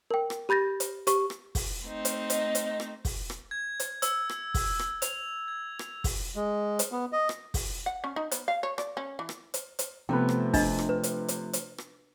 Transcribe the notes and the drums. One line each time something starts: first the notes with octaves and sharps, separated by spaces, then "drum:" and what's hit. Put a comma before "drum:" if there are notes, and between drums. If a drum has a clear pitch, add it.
A#4 G5
drum: rim click
G4 B5 G6 A6 A#6
drum: hi-hat
G4 C#6, drum: hi-hat
drum: rim click
drum: kick, open hi-hat
A3 C4 D#4
drum: hi-hat
D#5, drum: hi-hat
drum: hi-hat
drum: rim click
drum: kick, open hi-hat
drum: rim click
G#6
drum: hi-hat
E6, drum: hi-hat
drum: rim click
drum: kick, open hi-hat
drum: rim click
F7, drum: hi-hat
G#6
drum: rim click
drum: kick, open hi-hat
G#3
drum: hi-hat
B3
D#5
drum: rim click
drum: kick, open hi-hat
F#5
C#4
D#4
B3, drum: hi-hat
F5
C#5
D5, drum: rim click
C#4
E3
drum: rim click
drum: hi-hat
drum: hi-hat
C3 F3 A3 B3 G5
drum: rim click
D4 D#5, drum: kick, open hi-hat
drum: rim click
B4
drum: hi-hat
drum: hi-hat
drum: hi-hat
drum: rim click